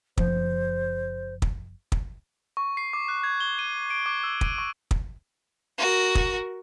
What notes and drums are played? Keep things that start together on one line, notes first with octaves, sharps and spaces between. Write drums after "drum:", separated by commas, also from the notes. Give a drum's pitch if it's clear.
F#1 F3 C5, drum: kick
drum: kick
drum: kick
C#6
C7
D6
F#6
G#6
G7
D#7
D7
D6
E6
D#7, drum: kick
C#6
drum: kick
F#4 A#4
drum: kick